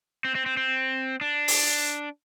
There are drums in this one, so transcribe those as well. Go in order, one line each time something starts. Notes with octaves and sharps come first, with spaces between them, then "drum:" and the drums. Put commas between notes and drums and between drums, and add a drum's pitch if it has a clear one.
C4
C4
C4
C4
D4
drum: open hi-hat